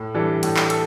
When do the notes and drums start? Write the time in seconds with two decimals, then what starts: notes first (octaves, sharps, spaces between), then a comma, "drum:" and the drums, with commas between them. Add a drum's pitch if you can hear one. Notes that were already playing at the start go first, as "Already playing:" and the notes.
Already playing: A2
0.14 E3 G3 D4 A4
0.43 A2, drum: hi-hat
0.56 drum: clap
0.70 A4, drum: hi-hat